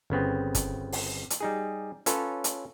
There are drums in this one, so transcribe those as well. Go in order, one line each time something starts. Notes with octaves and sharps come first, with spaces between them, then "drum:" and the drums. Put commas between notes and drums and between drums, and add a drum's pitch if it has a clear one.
G1 C#3 B3 C4
drum: kick, hi-hat
drum: open hi-hat
drum: hi-hat
G3 D#4 G#4
C#4 F4 A4 B4 C#5, drum: hi-hat
drum: hi-hat